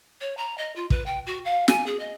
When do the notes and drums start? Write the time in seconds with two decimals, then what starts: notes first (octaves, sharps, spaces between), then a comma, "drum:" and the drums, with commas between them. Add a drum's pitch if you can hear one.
0.21 C#5
0.37 A#5
0.58 D#5
0.75 F4
0.90 B4, drum: kick
1.06 G5
1.26 F#4
1.45 F5
1.68 G#5, drum: snare
1.86 G#4
1.99 D#5